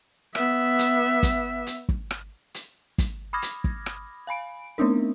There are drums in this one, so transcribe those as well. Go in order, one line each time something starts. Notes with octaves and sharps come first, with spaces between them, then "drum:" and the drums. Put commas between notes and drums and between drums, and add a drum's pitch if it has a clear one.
B3 E5, drum: rim click
drum: hi-hat
drum: kick, hi-hat
drum: hi-hat
drum: kick
drum: rim click
drum: hi-hat
drum: kick, hi-hat
B5 D6 D#6 F6 G#6 A#6
drum: hi-hat
drum: kick
drum: rim click
F5 G#5 B5 D7
A3 B3 C4 D4 D#4 A#4